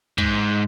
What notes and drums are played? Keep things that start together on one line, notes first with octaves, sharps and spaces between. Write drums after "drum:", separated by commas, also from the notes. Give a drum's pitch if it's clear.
G#2, drum: kick